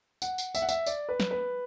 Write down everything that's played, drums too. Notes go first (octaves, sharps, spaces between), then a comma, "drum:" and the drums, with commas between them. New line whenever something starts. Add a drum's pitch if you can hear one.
F#5, drum: tambourine
drum: tambourine
E5, drum: tambourine
F#5
E5, drum: tambourine
D5, drum: tambourine
B4
drum: snare
B4